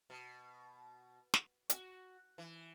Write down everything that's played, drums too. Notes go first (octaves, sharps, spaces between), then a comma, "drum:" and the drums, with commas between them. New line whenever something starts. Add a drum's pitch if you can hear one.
B2
drum: snare
F#4, drum: hi-hat
E3